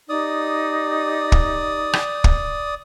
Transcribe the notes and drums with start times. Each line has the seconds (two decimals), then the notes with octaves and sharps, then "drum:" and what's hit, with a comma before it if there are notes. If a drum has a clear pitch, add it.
0.09 D#4 G4 D5 D#6
1.32 drum: kick
1.93 drum: rim click
2.24 drum: kick